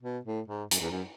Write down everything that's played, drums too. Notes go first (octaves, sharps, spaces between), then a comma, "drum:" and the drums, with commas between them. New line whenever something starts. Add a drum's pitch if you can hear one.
B2
A2
G#2
F#2, drum: hi-hat
E2
F#2